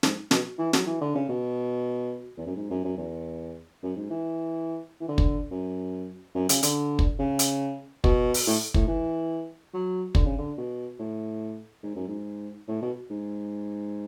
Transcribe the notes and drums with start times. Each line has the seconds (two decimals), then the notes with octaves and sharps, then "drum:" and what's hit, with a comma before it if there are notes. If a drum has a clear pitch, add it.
0.03 G#2, drum: snare
0.31 B2, drum: snare
0.58 E3
0.73 F#3, drum: snare
0.87 E3
1.01 D3
1.15 C#3
1.29 B2
2.38 E2
2.47 F#2
2.56 G#2
2.70 F#2
2.84 F#2
2.97 E2
3.83 F#2
3.96 G#2
4.10 E3
5.00 E3
5.08 D3
5.18 drum: kick
5.51 F#2
6.35 F#2
6.49 C#3, drum: hi-hat
6.63 D3, drum: hi-hat
6.99 drum: kick
7.19 C#3
7.39 drum: hi-hat
8.04 B2, drum: kick
8.34 drum: open hi-hat
8.47 A2
8.74 A2, drum: kick
8.88 E3
9.73 F#3
10.15 D3, drum: kick
10.26 C#3
10.38 D3
10.58 B2
10.99 A2
11.83 G#2
11.96 F#2
12.08 G#2
12.68 A2
12.82 B2
13.10 G#2